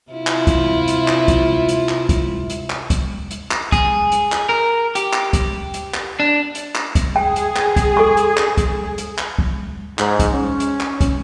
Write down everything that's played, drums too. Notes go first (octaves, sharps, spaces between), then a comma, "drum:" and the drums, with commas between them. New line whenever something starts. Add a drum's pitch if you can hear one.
C3 E4 F4
drum: clap
drum: kick, hi-hat
drum: hi-hat
drum: clap
drum: kick, hi-hat
drum: hi-hat
drum: clap
drum: kick, hi-hat
drum: hi-hat
drum: clap
drum: kick, hi-hat
drum: hi-hat
drum: clap
G#4, drum: kick, hi-hat
drum: hi-hat
drum: clap
A#4
G4, drum: hi-hat
drum: clap
drum: kick, hi-hat
drum: hi-hat
drum: clap
D4
drum: hi-hat
drum: clap
drum: kick, hi-hat
G#4 G5
drum: hi-hat
drum: clap
drum: kick, hi-hat
A4 C#6
drum: hi-hat
drum: clap
drum: kick, hi-hat
drum: hi-hat
drum: clap
drum: kick
G#2, drum: clap
drum: kick, hi-hat
C#4
drum: hi-hat
drum: clap
drum: kick, hi-hat